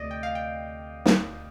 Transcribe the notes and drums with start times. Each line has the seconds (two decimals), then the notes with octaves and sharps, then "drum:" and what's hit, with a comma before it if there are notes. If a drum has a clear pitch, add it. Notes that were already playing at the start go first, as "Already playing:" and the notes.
Already playing: D2 C3 F3 A3 D5 D#5
0.11 G5
0.23 F5
0.35 G5
1.06 drum: snare